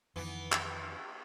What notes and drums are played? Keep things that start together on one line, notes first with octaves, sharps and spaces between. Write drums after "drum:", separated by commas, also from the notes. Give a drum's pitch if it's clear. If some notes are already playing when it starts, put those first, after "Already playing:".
F2 D#3 E3 B3
drum: clap